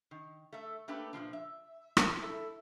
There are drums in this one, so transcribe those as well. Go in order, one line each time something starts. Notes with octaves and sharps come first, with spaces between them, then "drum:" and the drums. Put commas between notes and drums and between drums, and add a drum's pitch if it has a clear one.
D#3
A3 E5
A3 A#3 D4 G4 A4 B4
A#2 E3 F3 D4
E5
drum: rim click
E4 A4